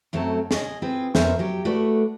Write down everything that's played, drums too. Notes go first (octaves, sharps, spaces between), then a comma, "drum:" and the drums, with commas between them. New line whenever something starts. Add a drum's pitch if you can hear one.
F#2 F#3 A3 C4 A5
G#4 D#5, drum: snare
C4 F4 G#4 B4
F2 B3 C#4 A#4 C5 E5, drum: snare
F#3 G4
A3 F#4 B4 D5